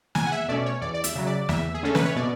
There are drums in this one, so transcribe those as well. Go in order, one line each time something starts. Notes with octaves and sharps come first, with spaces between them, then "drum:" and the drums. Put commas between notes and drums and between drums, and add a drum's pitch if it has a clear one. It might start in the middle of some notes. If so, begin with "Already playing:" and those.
E2 G#5, drum: snare
F#5
E5
B2 A3 C#4 D5
C#5
E2 D5
D5
E5, drum: hi-hat
C#3 F#3
D5
E2 E5, drum: snare
G#4
D3 A3 C#4 A4
B4, drum: snare
C#5
B2 D5